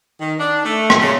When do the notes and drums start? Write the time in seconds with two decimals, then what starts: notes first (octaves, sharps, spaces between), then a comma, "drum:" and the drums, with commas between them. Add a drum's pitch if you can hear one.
0.20 D#3
0.39 D4
0.65 A3
0.90 drum: rim click
1.00 C#3